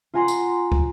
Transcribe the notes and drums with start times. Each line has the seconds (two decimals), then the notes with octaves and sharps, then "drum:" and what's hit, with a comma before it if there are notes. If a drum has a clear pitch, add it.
0.14 F4 F#5 G#5 A#5 C6
0.28 drum: tambourine
0.72 drum: kick